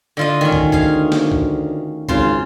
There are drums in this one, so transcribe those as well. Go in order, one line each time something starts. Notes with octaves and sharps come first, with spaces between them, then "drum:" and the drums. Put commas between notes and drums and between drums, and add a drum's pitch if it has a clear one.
D3 F4 D#5
D2 D#3 C#4
drum: kick
G#4 F5, drum: kick
drum: snare
drum: kick
G#1 C#3 F4 C6, drum: kick